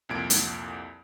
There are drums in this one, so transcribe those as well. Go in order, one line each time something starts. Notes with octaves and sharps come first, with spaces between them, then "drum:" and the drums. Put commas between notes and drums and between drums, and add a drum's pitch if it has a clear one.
C2 F2 A#2 G#6 D7
drum: hi-hat